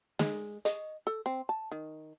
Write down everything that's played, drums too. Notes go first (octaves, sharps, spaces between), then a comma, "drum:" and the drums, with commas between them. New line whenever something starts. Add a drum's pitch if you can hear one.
G#3, drum: snare
D#5, drum: hi-hat
A4
C4
A5
D#3